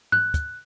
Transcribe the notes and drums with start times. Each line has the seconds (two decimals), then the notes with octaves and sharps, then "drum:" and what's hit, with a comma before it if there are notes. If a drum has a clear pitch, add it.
0.12 F#6, drum: tom G#2
0.34 drum: kick, hi-hat